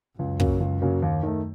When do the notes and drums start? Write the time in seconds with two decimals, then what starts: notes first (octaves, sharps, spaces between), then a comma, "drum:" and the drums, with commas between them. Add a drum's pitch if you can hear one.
0.18 C#2 F#2
0.40 C#3 F#3 A#3, drum: kick
0.60 C#2
0.82 C#3 F#3 A#3
1.02 D#2
1.23 D#3 A3